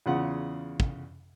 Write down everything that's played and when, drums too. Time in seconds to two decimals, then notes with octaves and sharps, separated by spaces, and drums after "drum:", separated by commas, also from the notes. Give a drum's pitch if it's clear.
0.06 E2 C#3 F4 F#5
0.80 drum: kick